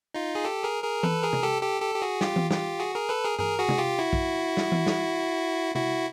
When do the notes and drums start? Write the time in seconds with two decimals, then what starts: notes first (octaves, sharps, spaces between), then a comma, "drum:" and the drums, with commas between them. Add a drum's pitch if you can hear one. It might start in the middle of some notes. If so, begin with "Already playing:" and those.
0.14 D#4 F4
0.35 G#4
0.44 G4 A4
0.64 G#4 A#4
0.83 G#4 A#4
1.03 A4 B4, drum: tom E3
1.23 G#4 A#4
1.33 drum: tom C3
1.42 G4 A4
1.62 G4 A4
1.82 G4 A4
1.95 G4
2.02 F#4 G#4
2.21 F4 G4, drum: snare
2.36 drum: tom E3
2.51 F4 G4, drum: snare
2.80 F#4 G#4
2.95 G#4 A#4
3.09 A4 B4
3.24 G#4 A#4
3.39 G#4 A#4, drum: tom G2
3.59 F#4 G#4
3.69 drum: tom C3
3.78 F4 G4
3.98 E4 F#4
4.13 drum: kick
4.57 drum: snare
4.72 drum: tom E3
4.87 drum: snare
5.75 E4 F#4, drum: tom C3